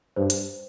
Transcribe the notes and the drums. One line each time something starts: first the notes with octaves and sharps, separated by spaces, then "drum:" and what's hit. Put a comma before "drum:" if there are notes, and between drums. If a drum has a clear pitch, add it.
G2 C5
drum: hi-hat